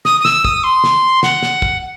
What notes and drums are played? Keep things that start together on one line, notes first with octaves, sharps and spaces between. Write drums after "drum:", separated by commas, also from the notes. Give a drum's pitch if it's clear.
D#6, drum: snare
D#6
E6, drum: snare
D#6, drum: kick
C6
drum: snare
F#5, drum: snare
drum: snare
drum: kick